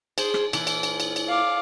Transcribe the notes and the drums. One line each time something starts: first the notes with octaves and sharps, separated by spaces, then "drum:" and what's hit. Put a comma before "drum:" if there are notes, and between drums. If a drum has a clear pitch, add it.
G#4 C5, drum: cymbal
drum: rim click
A#2 E3, drum: cymbal
drum: cymbal
drum: cymbal
drum: cymbal
drum: cymbal
F5 D6